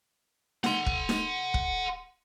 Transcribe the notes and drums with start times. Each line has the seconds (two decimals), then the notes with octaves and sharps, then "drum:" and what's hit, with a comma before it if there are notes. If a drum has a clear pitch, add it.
0.64 F#5 C6, drum: snare D#4
0.86 drum: kick
1.09 drum: snare D#4
1.54 drum: kick